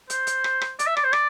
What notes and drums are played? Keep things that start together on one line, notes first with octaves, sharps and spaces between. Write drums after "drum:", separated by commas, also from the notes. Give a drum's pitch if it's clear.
C5, drum: hi-hat
drum: hi-hat
drum: rim click
drum: rim click
D5, drum: hi-hat
E5
D5, drum: rim click
C5
D5, drum: rim click